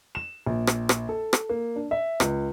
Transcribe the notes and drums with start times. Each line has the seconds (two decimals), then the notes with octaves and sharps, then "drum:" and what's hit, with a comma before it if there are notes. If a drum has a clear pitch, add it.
0.15 E7
0.46 A#1
0.67 drum: rim click
0.89 drum: rim click
1.09 A4
1.33 drum: rim click
1.49 A#3
1.76 D4
1.91 E5
2.20 C#2, drum: rim click